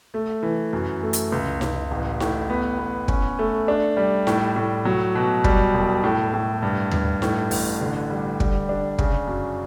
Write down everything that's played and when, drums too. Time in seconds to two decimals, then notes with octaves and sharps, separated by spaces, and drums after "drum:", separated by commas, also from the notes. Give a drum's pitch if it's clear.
0.14 A3
0.43 E3
0.73 F#2
1.03 A3
1.13 drum: hi-hat
1.32 C#2
1.61 C#2, drum: snare D#4
1.91 A1
2.20 A2, drum: snare D#4
2.50 B3
2.79 B3
3.08 C#4, drum: kick
3.39 A3
3.68 D4
3.97 G3
4.27 A2, drum: snare D#4
4.56 A2
4.85 F#3
5.15 B2
5.44 G3, drum: kick
5.74 E1
6.04 A2
6.34 A2
6.62 G2
6.91 G2, drum: tom D#2
7.22 A2, drum: snare D#4
7.51 A1, drum: open hi-hat
7.81 D3
8.10 G3
8.40 G3, drum: kick
8.69 D4
8.98 C#3, drum: kick
9.28 F#2